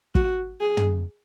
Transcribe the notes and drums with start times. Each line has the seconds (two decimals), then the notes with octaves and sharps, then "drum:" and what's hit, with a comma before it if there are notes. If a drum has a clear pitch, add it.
0.15 F#4, drum: kick
0.61 G#4
0.77 drum: tom